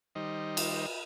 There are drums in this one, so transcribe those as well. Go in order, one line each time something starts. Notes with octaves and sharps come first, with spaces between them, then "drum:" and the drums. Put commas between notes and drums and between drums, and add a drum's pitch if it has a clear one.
D#3 G3 D#4 C5 D#5
drum: cymbal